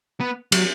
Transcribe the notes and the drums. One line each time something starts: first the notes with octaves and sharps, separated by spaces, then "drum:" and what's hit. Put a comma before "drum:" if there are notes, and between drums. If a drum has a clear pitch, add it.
B3
F#3, drum: cymbal